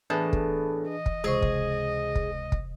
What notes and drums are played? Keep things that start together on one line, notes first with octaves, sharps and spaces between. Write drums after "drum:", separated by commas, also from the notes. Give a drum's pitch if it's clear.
A2 E3 B3 D4 G#4 B4 A5
drum: kick
D#5
drum: kick
C#2 C3 G#4 C5 C#6
drum: kick
drum: kick
drum: kick